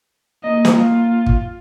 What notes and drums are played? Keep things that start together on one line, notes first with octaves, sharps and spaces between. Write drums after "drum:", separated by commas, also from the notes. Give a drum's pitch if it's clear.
A#3 D#5
drum: snare
F4
drum: kick